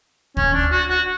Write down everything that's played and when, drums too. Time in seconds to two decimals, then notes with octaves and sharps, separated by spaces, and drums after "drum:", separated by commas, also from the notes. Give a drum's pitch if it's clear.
0.37 C#4, drum: kick
0.54 D4
0.71 F#4
0.89 F#4